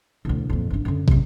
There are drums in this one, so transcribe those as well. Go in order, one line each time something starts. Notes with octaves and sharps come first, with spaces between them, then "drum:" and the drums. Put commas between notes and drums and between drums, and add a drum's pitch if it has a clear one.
E1 D2
F2 A#2
G1 D4
F#2 D3
F#2 C3, drum: kick